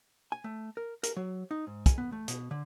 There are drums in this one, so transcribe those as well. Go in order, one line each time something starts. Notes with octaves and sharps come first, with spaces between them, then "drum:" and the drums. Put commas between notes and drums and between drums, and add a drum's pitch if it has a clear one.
G#5
A3
A#4
A#4, drum: hi-hat
F#3
D#4
G#2
G#5, drum: kick, hi-hat
B3
A3
B2, drum: hi-hat
D3